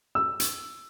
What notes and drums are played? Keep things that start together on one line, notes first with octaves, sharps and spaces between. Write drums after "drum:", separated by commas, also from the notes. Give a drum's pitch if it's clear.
E6
drum: hi-hat